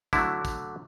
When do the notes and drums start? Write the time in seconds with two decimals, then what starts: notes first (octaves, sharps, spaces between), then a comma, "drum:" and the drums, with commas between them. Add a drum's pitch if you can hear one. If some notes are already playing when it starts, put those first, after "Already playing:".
0.13 D3 F#3 A3 E4, drum: kick, tambourine
0.45 drum: kick, tambourine